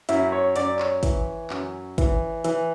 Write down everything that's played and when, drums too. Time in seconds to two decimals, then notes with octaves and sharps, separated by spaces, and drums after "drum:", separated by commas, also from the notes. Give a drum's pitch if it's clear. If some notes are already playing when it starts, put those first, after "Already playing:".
0.09 F#2 E4, drum: hi-hat
0.32 C#5
0.56 F#2 D5, drum: hi-hat
0.79 C#5, drum: clap
1.03 E3, drum: kick, hi-hat
1.50 F#2, drum: clap
1.98 E3, drum: kick, hi-hat
2.44 E3, drum: hi-hat